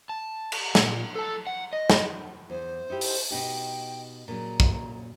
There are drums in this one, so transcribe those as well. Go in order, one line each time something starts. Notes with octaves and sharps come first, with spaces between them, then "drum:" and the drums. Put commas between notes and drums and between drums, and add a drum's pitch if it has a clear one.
A5
drum: cymbal
A#2, drum: snare
A4 A5
F#5
D#5
drum: snare
E2 C5
D#4 E4 G4
drum: open hi-hat
B2 D#4 G4 G5
A#2 C#3 F#3 A#5
drum: kick